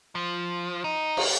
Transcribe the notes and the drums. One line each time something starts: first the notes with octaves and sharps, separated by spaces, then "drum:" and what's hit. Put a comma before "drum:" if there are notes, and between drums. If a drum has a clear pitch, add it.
F3
D#4
drum: cymbal